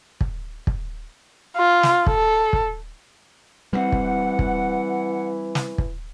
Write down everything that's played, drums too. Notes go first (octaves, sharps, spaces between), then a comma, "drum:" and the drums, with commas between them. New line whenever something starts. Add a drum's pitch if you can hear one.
drum: kick
drum: kick
F4
drum: snare
A4, drum: kick
drum: kick
E3 G3 G#3 C4 F#5
drum: kick
drum: kick
drum: snare
drum: kick